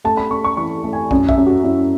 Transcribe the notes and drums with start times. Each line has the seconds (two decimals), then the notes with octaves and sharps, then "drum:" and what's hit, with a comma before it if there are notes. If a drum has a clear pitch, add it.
0.04 A3 A5
0.17 B5
0.31 A3 C#6
0.44 C#6
0.57 E3 C#6
0.84 A3
0.93 G#5
1.11 F#2 G#5, drum: kick
1.29 E5, drum: kick
1.37 F#2
1.47 F#4
1.64 F#2 E4